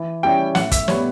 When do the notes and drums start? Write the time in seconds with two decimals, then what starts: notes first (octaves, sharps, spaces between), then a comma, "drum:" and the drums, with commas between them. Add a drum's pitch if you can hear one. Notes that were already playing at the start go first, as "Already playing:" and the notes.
Already playing: E3
0.23 G3 C#4 E4 G4 G5
0.55 A2 F#5, drum: snare
0.72 E5, drum: kick, hi-hat
0.88 G3 B3 C#5, drum: snare